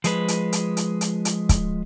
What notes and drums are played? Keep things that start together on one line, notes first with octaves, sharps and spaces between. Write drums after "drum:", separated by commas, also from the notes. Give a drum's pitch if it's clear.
F3 G#3 B4, drum: hi-hat
drum: hi-hat
drum: hi-hat
drum: hi-hat
drum: hi-hat
drum: hi-hat
drum: kick C#1, hi-hat